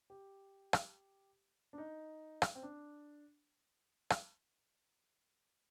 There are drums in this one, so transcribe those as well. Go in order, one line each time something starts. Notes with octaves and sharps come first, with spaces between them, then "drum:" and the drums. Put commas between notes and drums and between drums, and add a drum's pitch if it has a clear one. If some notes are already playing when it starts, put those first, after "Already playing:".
G4
drum: rim click
D4
D#4
drum: rim click
C4
D4
drum: rim click